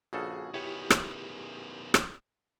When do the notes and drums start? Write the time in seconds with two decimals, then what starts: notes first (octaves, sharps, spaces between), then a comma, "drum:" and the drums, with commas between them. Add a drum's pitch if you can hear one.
0.13 A#1 C#3 F#4 G#4 A4
0.54 D#3 B3 E4 G4 C#5
0.90 drum: rim click
1.94 drum: rim click